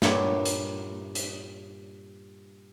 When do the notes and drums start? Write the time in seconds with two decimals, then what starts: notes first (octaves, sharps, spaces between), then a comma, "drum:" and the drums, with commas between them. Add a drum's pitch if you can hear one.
0.02 G2 A#2 C#5 F#5, drum: snare
0.45 drum: hi-hat
1.15 drum: hi-hat